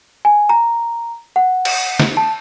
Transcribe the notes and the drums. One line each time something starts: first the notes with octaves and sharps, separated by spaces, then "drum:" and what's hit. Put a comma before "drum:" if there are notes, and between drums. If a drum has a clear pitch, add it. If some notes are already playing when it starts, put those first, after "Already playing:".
G#5
A#5
F#5
drum: cymbal
drum: snare
A5